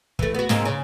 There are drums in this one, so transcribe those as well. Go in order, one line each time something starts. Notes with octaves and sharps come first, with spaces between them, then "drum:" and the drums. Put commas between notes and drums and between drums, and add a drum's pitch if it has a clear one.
E3 A3, drum: kick
B3 F#4
G#2 C3 A#3, drum: snare
C#3